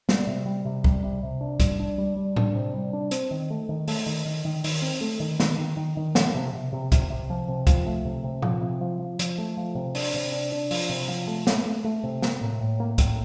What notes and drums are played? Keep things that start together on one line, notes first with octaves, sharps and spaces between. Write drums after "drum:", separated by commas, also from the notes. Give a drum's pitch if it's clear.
G3, drum: snare
C3
G3
C3
G3, drum: kick C2
C3
C3
D4
G3, drum: kick C2, hi-hat
D4
G3
G3
D4, drum: tom A2
C3
G3
D4
C4, drum: hi-hat
D#3
A3
D#3
A3, drum: open hi-hat
D#3
D#3
D#3
D#3, drum: open hi-hat
C4
A3
D#3
D#3, drum: snare
D#3
D#3
D#3
F3, drum: snare
C3
C3
C3
C3, drum: kick C2, hi-hat
C3
F3
C3
F3, drum: kick C2, hi-hat
A3
C3
C3
F3, drum: tom A#2
C3
F3
F3
F3, drum: hi-hat
A3
F3
C3
D4, drum: open hi-hat
C3
D4
D4
F3, drum: open hi-hat
C3
F3
A3
A3, drum: snare
A3
A3
C3
A#3, drum: snare
A2
A2
A#3
A2, drum: kick C2, hi-hat